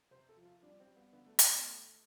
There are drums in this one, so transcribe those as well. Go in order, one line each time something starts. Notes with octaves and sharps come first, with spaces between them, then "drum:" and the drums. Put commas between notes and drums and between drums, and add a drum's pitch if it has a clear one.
C3 C5
A4
F3
F4
G3 D4
C4
G3
B3
D3 B3
A3
A3, drum: hi-hat
B3
A3